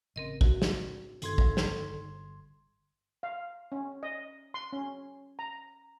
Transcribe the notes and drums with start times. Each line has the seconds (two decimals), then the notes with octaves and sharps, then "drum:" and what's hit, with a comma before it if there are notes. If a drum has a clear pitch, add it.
0.16 A1 C#3 C4 A#4 D#5
0.41 F#4, drum: kick
0.62 drum: snare
1.22 G1 D#3 A4 C6 G#6, drum: hi-hat
1.38 drum: kick
1.57 drum: snare
3.23 F5
3.72 C#4
4.03 D#5
4.54 C6
4.73 C#4
5.39 A#5